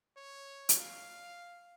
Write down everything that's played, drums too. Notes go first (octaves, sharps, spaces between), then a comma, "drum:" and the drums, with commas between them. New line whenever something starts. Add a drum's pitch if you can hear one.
C#5
drum: hi-hat
F5